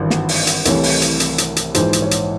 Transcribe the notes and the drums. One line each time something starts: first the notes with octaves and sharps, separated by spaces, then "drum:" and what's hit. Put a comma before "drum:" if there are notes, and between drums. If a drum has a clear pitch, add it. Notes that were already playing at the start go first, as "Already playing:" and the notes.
Already playing: G#1 G2 E3 C5
drum: snare
drum: open hi-hat
drum: hi-hat
C2 C3 E3 A3 C#5, drum: hi-hat
drum: open hi-hat
drum: hi-hat
drum: hi-hat
drum: hi-hat
drum: hi-hat
A#1 G#2 E3 G#3 C5, drum: hi-hat
drum: hi-hat
C#5
drum: hi-hat